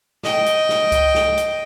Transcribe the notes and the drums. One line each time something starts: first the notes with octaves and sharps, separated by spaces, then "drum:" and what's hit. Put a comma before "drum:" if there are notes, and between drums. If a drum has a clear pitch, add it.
D#5 G5, drum: snare
drum: hi-hat
drum: snare
drum: kick C#2, hi-hat
drum: snare
drum: hi-hat